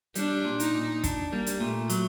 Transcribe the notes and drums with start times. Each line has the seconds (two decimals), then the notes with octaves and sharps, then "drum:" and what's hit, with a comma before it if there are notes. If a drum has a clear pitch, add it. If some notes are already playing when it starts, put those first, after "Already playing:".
0.15 G3 D4, drum: hi-hat
0.45 A#2
0.60 D#4, drum: hi-hat
0.74 A#2
1.04 D4, drum: kick, hi-hat
1.32 G3 A#3
1.47 drum: hi-hat
1.60 A#2 A3
1.90 F#3, drum: hi-hat